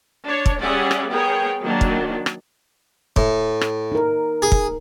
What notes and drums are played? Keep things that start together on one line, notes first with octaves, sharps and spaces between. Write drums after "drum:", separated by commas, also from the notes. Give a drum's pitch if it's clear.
D4 C#5
drum: kick
G3 C#4 G#4 D5 E5 F#5
drum: rim click
B3 G#4 A#4 C#5 G5
D#3 F#3 A#3 D4 F#4
drum: kick
drum: rim click
A2, drum: kick
drum: rim click
D#4 A#4
G#4
drum: kick